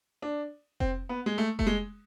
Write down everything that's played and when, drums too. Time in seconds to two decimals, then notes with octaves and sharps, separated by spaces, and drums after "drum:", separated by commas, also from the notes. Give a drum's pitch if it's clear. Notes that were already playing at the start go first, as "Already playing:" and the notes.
0.22 D4
0.80 C4, drum: kick F1
1.09 B3
1.26 G#3
1.38 A3
1.59 A3, drum: kick F1
1.67 G#3